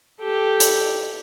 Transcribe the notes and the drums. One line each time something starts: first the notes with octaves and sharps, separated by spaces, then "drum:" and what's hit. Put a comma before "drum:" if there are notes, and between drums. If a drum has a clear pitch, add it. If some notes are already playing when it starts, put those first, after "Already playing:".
G4 A4
drum: hi-hat